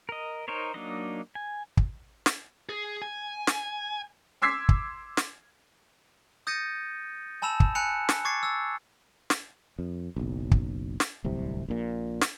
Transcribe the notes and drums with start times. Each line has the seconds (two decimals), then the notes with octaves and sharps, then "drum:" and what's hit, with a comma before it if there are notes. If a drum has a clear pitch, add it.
0.09 A#4 D#5
0.48 D#4 A#4 C5 C#5
0.74 F#3 A#3 D4 D#4 D#5
1.35 G#5
1.77 drum: kick
2.26 drum: snare
2.69 G#4
3.02 G#5
3.47 drum: snare
4.42 C6 D6 E6 G#6 B6 C7
4.69 drum: kick
5.17 drum: snare
6.47 D#6 G6 A6 A#6 C#7 D#7
7.42 G#5 A5 B5 E6 E7 F7
7.60 drum: kick
7.75 G#5 B5 F#6 C#7 F7
8.09 drum: snare
8.25 C#6 D6 G#6 A6 C7 C#7
8.43 E6 A6
9.30 drum: snare
9.79 F2
10.16 F#1 B1
10.51 drum: kick
11.00 drum: snare
11.24 D1 C2 C3
11.68 A#1 A#2
12.21 drum: snare